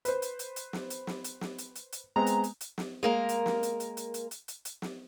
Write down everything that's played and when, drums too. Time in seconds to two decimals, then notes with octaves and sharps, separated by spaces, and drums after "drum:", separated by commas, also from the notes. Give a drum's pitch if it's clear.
0.05 B4 C5, drum: hi-hat
0.22 drum: hi-hat
0.39 drum: hi-hat
0.56 drum: hi-hat
0.73 drum: snare
0.90 drum: hi-hat
1.07 drum: snare
1.24 drum: hi-hat
1.41 drum: snare
1.58 drum: hi-hat
1.75 drum: hi-hat
1.92 drum: hi-hat
2.16 G#3 B3 C4 A#5
2.26 drum: hi-hat
2.44 drum: hi-hat
2.61 drum: hi-hat
2.78 drum: snare
3.03 G#3 A#3 A#4
3.29 drum: hi-hat
3.46 drum: snare
3.63 drum: hi-hat
3.80 drum: hi-hat
3.97 drum: hi-hat
4.14 drum: hi-hat
4.31 drum: hi-hat
4.48 drum: hi-hat
4.65 drum: hi-hat
4.82 drum: snare